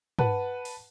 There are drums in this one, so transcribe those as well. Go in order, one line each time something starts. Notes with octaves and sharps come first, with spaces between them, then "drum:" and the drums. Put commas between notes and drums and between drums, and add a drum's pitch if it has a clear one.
B4 F#5 A5, drum: tom
drum: open hi-hat